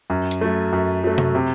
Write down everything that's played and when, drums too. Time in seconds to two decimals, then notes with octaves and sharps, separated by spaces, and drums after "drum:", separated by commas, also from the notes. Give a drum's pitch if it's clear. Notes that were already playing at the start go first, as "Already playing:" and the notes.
0.10 F#2
0.31 drum: hi-hat
0.41 F#3 A3
0.72 F#2
1.04 F#3 A3
1.18 drum: tom C3
1.35 C3